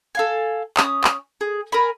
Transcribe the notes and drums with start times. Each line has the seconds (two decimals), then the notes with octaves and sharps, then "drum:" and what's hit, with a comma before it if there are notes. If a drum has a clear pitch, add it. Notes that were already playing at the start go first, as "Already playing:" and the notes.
0.15 A4 F5 G#5
0.77 C#4 D#6, drum: clap
1.04 drum: clap
1.41 G#4
1.72 A#4 G#5 B5